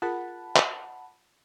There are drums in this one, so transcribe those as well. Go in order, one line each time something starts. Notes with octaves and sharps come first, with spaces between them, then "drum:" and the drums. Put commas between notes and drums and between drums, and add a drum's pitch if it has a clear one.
F4 G#4 A#4 F#5 A5 B5
drum: clap